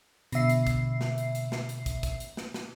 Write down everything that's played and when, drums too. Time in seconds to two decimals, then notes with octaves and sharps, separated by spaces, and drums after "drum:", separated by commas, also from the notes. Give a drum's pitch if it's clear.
0.32 B2 D3 E5 C7, drum: hi-hat
0.50 drum: hi-hat
0.67 drum: kick, hi-hat
1.01 drum: snare
1.18 drum: hi-hat
1.35 drum: hi-hat
1.52 drum: snare
1.69 drum: hi-hat
1.86 drum: kick, hi-hat
2.03 drum: kick, hi-hat
2.20 drum: hi-hat
2.37 drum: snare
2.54 drum: snare